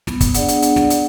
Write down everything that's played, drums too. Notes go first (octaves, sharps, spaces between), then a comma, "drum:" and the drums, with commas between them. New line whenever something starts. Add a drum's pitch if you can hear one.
B3, drum: snare
drum: kick, hi-hat
D4 G#4 D5 F#5, drum: hi-hat
drum: hi-hat
drum: hi-hat
drum: snare
drum: hi-hat